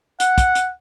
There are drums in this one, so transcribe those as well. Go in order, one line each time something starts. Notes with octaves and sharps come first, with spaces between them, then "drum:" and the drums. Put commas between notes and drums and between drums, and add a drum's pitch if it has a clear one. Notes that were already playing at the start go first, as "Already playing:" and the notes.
F#5, drum: hi-hat
drum: kick, hi-hat
drum: hi-hat